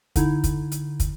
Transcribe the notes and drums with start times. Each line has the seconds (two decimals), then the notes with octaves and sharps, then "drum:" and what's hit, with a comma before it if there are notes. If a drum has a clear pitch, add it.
0.16 D3 D#4 E4, drum: kick, hi-hat
0.44 drum: kick, hi-hat
0.72 drum: hi-hat
1.00 drum: kick, hi-hat